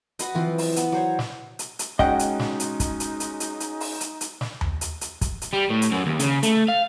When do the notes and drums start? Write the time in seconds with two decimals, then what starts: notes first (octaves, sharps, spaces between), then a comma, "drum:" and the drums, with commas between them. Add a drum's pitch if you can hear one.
0.19 F#4 B4 D#5, drum: hi-hat
0.35 E3 F3 C4 F4
0.58 drum: open hi-hat
0.76 B3, drum: hi-hat
0.92 F#3 C5 C#5
1.19 drum: snare
1.59 drum: hi-hat
1.79 drum: hi-hat
1.99 G#3 C#4 D#4 F#4 D#5 F#5 G5, drum: kick
2.19 drum: hi-hat
2.40 drum: snare
2.60 drum: hi-hat
2.80 drum: kick, hi-hat
3.00 drum: hi-hat
3.20 drum: hi-hat
3.40 drum: hi-hat
3.60 drum: hi-hat
3.80 drum: open hi-hat
4.01 drum: hi-hat
4.21 drum: hi-hat
4.41 drum: snare
4.61 drum: tom D#2
4.81 drum: hi-hat
5.01 drum: hi-hat
5.21 drum: kick, hi-hat
5.42 drum: hi-hat
5.53 G3
5.70 A2
5.82 drum: hi-hat
5.91 F#2
6.06 D#2
6.19 C#3, drum: hi-hat
6.43 A3, drum: hi-hat
6.68 F5